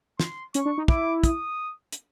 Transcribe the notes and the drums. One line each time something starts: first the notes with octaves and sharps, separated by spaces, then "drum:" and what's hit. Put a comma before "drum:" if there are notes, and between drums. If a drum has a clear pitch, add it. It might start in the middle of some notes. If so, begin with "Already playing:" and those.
C6, drum: snare
C#4 C#6, drum: hi-hat
D4
D#4
E4 D6, drum: kick
D#6, drum: kick, hi-hat
drum: hi-hat